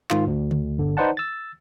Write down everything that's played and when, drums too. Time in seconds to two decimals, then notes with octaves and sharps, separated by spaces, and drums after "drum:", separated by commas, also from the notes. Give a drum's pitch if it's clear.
0.10 G#2 D#3 F4, drum: clap
0.27 D2
0.51 drum: tom C#3
0.78 G1 D3
0.97 D#4 B4 C5 D5 F#5 A5
1.17 E6 A6